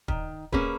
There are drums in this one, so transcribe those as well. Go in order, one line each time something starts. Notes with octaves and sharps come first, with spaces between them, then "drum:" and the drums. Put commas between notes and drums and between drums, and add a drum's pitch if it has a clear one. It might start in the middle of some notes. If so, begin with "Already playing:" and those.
D#3, drum: kick
A#3 C#4 G#4 B4, drum: kick